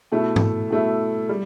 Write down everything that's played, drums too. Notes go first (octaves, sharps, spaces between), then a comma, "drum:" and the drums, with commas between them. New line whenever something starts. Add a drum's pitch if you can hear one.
B2 A3 E4
drum: tom G#2
B2 A3 E4
G3